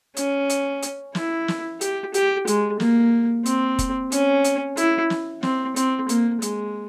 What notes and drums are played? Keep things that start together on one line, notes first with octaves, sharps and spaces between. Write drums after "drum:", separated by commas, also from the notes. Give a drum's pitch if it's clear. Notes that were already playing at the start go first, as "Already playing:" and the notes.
C#4, drum: hi-hat
drum: hi-hat
drum: hi-hat
E4, drum: snare
drum: snare
G4, drum: hi-hat
G4, drum: hi-hat
G#3, drum: hi-hat
A#3, drum: snare
C4, drum: hi-hat
drum: kick F1, hi-hat
C#4, drum: hi-hat
drum: hi-hat
E4, drum: hi-hat
drum: snare
C4, drum: snare
C4, drum: hi-hat
A#3, drum: hi-hat
G#3, drum: hi-hat